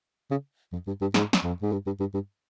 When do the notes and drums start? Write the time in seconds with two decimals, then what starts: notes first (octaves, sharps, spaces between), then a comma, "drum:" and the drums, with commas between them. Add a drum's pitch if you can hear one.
0.30 C#3
0.72 F2
0.87 G2
1.01 G2
1.14 G#2, drum: snare
1.33 drum: snare
1.43 F2
1.62 G#2
1.72 G2
1.86 G2
1.99 G2
2.14 G2